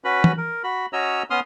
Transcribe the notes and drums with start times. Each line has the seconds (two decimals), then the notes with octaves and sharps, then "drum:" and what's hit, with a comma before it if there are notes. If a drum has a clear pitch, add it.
0.04 C#4 F#4 B4 B5
0.24 drum: tom E3
0.38 A#4
0.64 F#4 B5
0.93 C#4 F#4 C#5 D#5 A#5 E6
1.30 B3 C#4 C6 D#6 F6